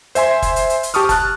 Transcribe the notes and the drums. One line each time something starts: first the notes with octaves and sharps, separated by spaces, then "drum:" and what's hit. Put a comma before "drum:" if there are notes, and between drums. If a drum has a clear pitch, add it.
C5 E5 G#5 C6, drum: hi-hat
drum: kick, hi-hat
drum: hi-hat
drum: hi-hat
drum: hi-hat
G4 A5 C#6 D#6 F6, drum: hi-hat
A5 F#6, drum: kick, hi-hat